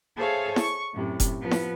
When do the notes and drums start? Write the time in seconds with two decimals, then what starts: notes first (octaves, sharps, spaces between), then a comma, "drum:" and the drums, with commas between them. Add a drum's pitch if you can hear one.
0.15 G#4 A4 C5 C#5 E5 F5
0.56 C#6, drum: snare E4
0.93 F#2 A2 C3
1.20 drum: kick F1, hi-hat
1.40 F3 B3
1.51 drum: snare E4